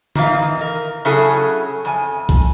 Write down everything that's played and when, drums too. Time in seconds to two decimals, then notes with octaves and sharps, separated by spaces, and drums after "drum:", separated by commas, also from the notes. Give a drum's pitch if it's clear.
0.16 D#3 E3 D#4 D5 F5, drum: tom
0.61 A#4
1.05 C#3 F#3 C#4 E4 G#4 A4
1.85 F2 G#5
2.29 drum: kick C2